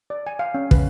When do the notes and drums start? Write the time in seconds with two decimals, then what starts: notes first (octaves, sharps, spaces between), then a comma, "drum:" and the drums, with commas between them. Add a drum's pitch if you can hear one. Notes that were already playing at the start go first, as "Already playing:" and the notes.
0.10 D5
0.27 G#5
0.39 F5
0.54 C#4
0.71 B4, drum: kick